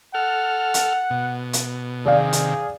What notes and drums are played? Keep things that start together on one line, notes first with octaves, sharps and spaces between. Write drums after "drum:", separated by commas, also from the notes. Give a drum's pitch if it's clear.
A4 F#5 F6
drum: hi-hat
B2
drum: hi-hat
C3 D#3 G#4 D5 F5
drum: hi-hat